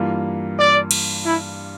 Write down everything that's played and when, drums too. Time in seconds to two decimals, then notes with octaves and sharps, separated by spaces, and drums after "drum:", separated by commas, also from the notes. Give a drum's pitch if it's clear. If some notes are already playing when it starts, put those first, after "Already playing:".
Already playing: G2 E3 A#3 F4
0.58 D5
0.91 drum: cymbal
1.24 E4